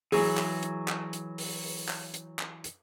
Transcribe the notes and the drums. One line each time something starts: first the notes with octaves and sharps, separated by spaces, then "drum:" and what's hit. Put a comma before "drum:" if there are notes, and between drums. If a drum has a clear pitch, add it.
E3 F#3 G#4, drum: open hi-hat
drum: clap
drum: hi-hat
drum: clap
drum: hi-hat
drum: open hi-hat
drum: open hi-hat
drum: clap
drum: hi-hat
drum: clap
drum: hi-hat